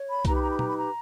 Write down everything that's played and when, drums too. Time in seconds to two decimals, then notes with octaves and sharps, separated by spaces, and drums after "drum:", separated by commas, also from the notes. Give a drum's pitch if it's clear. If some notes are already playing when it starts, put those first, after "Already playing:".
Already playing: C#5
0.08 B5
0.25 D#4 G4 B4 A#5, drum: kick C2, hi-hat
0.34 B5
0.41 A#5
0.50 B5
0.59 A#5, drum: tom
0.68 B5
0.76 A#5